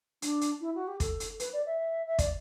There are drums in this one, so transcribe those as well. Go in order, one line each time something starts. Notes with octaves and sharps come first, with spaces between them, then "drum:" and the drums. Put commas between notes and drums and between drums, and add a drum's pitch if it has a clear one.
D4, drum: hi-hat
drum: hi-hat
E4
F#4
G4
A4, drum: kick, hi-hat
drum: hi-hat
B4, drum: hi-hat
D5
E5
E5
D5, drum: kick, hi-hat